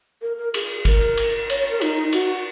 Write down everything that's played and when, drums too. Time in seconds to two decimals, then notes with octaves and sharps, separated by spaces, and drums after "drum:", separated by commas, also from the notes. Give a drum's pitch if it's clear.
0.22 A#4
0.38 A#4
0.54 G#4, drum: cymbal
0.85 A#4, drum: kick G#1, cymbal
1.17 drum: cymbal
1.50 C#5, drum: cymbal
1.60 C#5
1.71 A#4
1.81 D#4, drum: cymbal
2.13 F#4, drum: cymbal